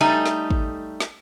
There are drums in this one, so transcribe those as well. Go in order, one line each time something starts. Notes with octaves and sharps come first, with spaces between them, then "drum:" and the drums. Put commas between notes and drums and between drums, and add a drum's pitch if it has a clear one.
G3 A3 D#4 G#5
drum: snare
drum: kick
drum: snare